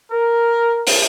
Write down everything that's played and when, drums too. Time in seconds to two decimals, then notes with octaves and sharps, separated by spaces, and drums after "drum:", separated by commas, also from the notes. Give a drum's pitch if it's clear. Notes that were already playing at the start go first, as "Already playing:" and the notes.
0.12 A#4
0.87 drum: open hi-hat